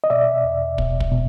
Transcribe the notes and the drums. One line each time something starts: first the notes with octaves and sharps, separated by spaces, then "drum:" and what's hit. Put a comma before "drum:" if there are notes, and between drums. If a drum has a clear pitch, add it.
D#5
B2 D5 E5
E2
B2, drum: kick
drum: kick
B2